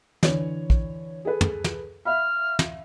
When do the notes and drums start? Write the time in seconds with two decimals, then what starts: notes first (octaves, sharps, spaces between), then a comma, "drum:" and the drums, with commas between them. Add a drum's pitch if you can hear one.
0.23 D3 E3 C#5, drum: snare
0.70 drum: kick
1.25 G#4 A4 B4
1.41 drum: tom
1.64 drum: snare
2.05 E5 F5 B5 F6
2.59 drum: snare